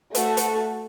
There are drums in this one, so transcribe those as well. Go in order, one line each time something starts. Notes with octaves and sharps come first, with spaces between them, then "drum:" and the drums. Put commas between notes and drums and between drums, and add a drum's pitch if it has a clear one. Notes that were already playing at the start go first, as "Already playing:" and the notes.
A3 F#4 A4, drum: hi-hat
drum: hi-hat